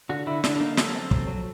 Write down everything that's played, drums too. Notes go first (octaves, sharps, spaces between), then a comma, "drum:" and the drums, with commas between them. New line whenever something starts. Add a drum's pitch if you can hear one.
D3 F#4
D3 E4
D3 D4, drum: snare
D4
A#3 D#4
F#3 A4, drum: snare
C4
F#3, drum: kick
F#3